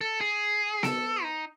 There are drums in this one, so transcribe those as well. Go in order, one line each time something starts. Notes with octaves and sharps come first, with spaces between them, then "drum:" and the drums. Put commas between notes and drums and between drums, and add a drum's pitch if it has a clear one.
A4
G#4
A4, drum: snare B3
D#4